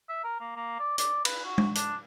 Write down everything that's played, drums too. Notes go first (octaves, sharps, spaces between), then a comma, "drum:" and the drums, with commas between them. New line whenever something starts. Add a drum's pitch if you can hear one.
E5
A#4
A#3
A#3
D5
D5, drum: hi-hat
B4, drum: cymbal
F#4
drum: tom G#3
D4, drum: hi-hat